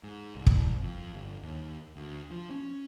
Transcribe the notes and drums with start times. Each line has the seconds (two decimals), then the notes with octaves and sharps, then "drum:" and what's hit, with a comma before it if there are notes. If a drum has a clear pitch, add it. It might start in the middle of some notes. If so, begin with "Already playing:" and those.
0.03 G#2
0.35 C2
0.47 drum: kick
0.82 F2
1.13 G1
1.43 D#2
1.96 D2
2.31 F3
2.51 C#4